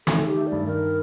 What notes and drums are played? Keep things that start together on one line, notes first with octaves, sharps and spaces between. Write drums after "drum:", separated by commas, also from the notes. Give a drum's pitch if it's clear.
D#3 A4, drum: snare
D#3
G4
A3
G2 D5
D#3 A#4